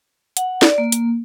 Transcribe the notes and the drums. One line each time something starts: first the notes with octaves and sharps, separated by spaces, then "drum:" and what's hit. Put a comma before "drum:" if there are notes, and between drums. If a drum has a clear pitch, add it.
F#5, drum: hi-hat
D5, drum: snare
A#3
drum: hi-hat